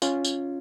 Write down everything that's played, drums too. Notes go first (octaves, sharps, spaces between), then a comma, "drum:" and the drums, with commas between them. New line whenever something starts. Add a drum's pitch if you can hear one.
C#4 F4, drum: tambourine
drum: tambourine